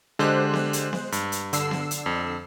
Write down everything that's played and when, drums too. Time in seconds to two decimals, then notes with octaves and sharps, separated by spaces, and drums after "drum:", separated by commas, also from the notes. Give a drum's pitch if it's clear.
0.19 D3 G#3 G4 C5 F#6
0.54 drum: snare B3
0.73 drum: hi-hat
0.93 drum: snare B3
1.12 G2, drum: hi-hat
1.32 drum: hi-hat
1.53 D3 E6 C7, drum: hi-hat
1.71 drum: snare B3
1.91 drum: hi-hat
2.06 F2